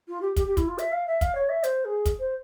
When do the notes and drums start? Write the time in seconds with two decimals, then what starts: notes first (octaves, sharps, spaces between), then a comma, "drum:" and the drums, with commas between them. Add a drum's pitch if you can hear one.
0.08 F4
0.21 G4
0.36 G4, drum: kick, hi-hat
0.47 G4
0.57 E4, drum: kick, hi-hat
0.68 F4
0.78 E5, drum: hi-hat
0.92 F5
1.07 E5
1.21 F5, drum: kick, hi-hat
1.35 C#5
1.49 E5
1.63 C5, drum: hi-hat
1.85 G#4
2.05 drum: kick, hi-hat
2.19 C5